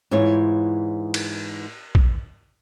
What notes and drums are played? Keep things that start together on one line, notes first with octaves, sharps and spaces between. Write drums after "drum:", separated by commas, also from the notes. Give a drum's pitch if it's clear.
G#2 E3 E4 F4 C#5
drum: cymbal
drum: kick